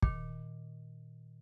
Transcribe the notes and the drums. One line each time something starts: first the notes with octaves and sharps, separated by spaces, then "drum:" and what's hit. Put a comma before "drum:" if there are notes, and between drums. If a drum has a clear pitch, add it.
A#2 D#3, drum: kick